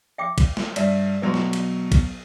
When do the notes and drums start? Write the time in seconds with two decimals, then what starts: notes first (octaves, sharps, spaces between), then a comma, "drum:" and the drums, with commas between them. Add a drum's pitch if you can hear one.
0.18 E5 G5 D6
0.38 drum: kick A#1, cymbal
0.57 drum: snare
0.76 G2 D5 E5, drum: cymbal
1.22 B2 F#3 B4 E5 C6
1.34 drum: snare
1.53 drum: cymbal
1.92 drum: kick A#1, cymbal